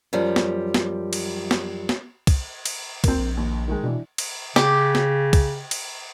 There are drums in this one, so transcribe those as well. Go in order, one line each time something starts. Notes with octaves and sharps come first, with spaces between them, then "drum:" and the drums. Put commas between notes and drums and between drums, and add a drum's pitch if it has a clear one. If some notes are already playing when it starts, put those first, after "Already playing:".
F#2 F3 G3
drum: snare
drum: snare
drum: cymbal
drum: snare
drum: snare
drum: kick C2, cymbal
drum: cymbal
D2 A#3 C4, drum: kick C2, cymbal
A#1
D#2
D#3 G#3
B2 E3 D4
drum: cymbal
C#3 G4, drum: snare
drum: snare
drum: kick C2, cymbal
drum: cymbal